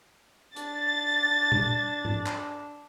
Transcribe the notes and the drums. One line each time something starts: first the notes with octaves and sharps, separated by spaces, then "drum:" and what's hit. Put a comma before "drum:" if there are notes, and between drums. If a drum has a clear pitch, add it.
D4 A6, drum: hi-hat
drum: tom
drum: tom
drum: clap